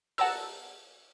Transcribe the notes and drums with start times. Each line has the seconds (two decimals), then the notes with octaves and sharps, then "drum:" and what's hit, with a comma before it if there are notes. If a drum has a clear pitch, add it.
0.18 F#5 A5 A#5 E6, drum: open hi-hat